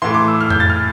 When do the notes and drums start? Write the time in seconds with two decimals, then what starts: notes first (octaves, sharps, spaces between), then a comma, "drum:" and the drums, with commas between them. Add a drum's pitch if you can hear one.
0.02 A2 E3 C6
0.14 D6
0.28 E6
0.41 F6
0.50 G6, drum: tom F2
0.60 A6
0.70 F6